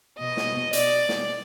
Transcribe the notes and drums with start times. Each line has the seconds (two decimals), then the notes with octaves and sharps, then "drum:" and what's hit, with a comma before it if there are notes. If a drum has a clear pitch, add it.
0.18 B2 D#5
0.37 drum: snare
0.73 D5, drum: hi-hat
1.09 drum: snare